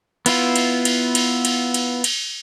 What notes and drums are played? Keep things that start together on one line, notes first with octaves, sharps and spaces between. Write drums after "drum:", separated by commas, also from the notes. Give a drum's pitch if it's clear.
B3 E4 F4, drum: cymbal
drum: cymbal
drum: cymbal
drum: cymbal
drum: cymbal
drum: cymbal
drum: cymbal